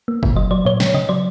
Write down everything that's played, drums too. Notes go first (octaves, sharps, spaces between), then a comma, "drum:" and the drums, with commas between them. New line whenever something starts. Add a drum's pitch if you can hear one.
A#3
A#2, drum: kick
F#3 D#5
F#3 D5
A#2 C#5
C#3, drum: snare
C#3 D#5
F#3 D5